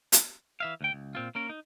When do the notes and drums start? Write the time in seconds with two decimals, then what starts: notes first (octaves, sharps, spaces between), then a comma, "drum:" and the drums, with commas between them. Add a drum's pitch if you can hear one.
0.12 drum: hi-hat
0.60 E3 E5 F5
0.81 D2 G5
0.93 C#2
1.15 A#2 C4 F4
1.35 A#3 C#4 A#4
1.49 D#4